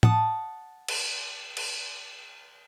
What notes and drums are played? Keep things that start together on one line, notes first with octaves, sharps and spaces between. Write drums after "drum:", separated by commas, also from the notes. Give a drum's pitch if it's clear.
F#5 A5 D#6, drum: tom A2
drum: cymbal
drum: cymbal